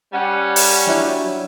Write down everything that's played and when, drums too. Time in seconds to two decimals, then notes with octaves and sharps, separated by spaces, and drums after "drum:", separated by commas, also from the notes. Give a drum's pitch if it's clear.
0.13 G3 C#4 F#5
0.56 drum: open hi-hat
0.87 F#3 D4 E4 C#5